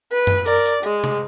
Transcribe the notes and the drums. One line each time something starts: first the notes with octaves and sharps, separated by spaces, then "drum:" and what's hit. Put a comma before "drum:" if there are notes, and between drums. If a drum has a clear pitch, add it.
B4
drum: tom F#2
A#4 D5, drum: hi-hat
drum: hi-hat
G#3, drum: hi-hat
drum: tom